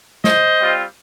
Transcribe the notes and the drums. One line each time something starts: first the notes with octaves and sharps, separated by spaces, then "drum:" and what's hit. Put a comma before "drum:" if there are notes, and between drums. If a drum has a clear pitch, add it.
C5 D#5, drum: snare
G3 C4 F4